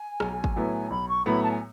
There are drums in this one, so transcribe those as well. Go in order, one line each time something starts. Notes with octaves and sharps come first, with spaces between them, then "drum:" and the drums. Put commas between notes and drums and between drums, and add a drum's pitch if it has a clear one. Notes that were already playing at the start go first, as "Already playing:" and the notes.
Already playing: G#5
B1, drum: rim click
drum: kick
A2 F#3 B3 E4
B1 B5
C#6
A2 F#3 B3 E4 B5
A5
G#5